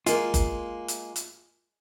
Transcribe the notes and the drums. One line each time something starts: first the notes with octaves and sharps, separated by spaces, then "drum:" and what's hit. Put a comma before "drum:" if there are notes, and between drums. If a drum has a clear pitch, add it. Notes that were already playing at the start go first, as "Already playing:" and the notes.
G#3 A#3 F4, drum: hi-hat
drum: kick F#1, hi-hat
drum: hi-hat
drum: hi-hat